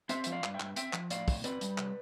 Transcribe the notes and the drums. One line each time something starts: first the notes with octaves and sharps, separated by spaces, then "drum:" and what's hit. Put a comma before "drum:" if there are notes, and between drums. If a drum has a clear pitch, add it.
C4 C5 E5, drum: hi-hat
F3 E5, drum: hi-hat
D5 F5
G2, drum: clap
E5 G5
G2, drum: clap
C4 E5 G5, drum: hi-hat
F3, drum: clap
A2 D5 F5, drum: hi-hat
A2, drum: kick, open hi-hat
C4 B4 D5, drum: hi-hat
G3, drum: hi-hat
C3, drum: clap